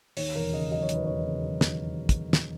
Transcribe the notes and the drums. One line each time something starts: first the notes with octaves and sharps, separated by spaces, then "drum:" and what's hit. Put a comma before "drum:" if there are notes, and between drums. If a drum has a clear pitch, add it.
D#2 C#5, drum: open hi-hat
E1 A#4
C#3 D#5
F#3 D#5
C#5
D#2, drum: hi-hat
B4
E1 C#5
C#3
F#3
D#2, drum: snare
drum: kick, hi-hat
drum: snare